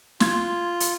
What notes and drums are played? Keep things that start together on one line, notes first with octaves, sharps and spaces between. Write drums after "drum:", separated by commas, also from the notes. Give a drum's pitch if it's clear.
F4 C6 G#6, drum: snare
drum: hi-hat